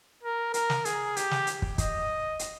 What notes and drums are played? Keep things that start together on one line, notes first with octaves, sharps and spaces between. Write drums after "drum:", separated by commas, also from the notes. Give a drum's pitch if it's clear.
A#4
A#4, drum: hi-hat
drum: snare
G#4, drum: hi-hat
G4, drum: hi-hat
drum: snare
drum: hi-hat
drum: kick
D#5, drum: kick, hi-hat
drum: hi-hat